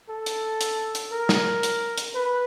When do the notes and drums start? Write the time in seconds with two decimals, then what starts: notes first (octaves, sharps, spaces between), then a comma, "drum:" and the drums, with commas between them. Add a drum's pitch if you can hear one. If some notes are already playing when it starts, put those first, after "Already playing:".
0.09 A4
0.26 drum: hi-hat
0.61 drum: hi-hat
0.95 drum: hi-hat
1.13 A#4
1.29 drum: snare
1.63 drum: hi-hat
1.98 drum: hi-hat
2.15 B4